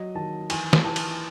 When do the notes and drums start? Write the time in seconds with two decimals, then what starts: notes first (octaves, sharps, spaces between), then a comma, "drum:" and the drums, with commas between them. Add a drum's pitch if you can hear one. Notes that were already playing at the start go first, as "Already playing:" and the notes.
Already playing: F#3 D#5
0.15 D#3 A5
0.50 E3 G#5, drum: cymbal
0.73 drum: snare
0.84 E3 A5
0.96 drum: cymbal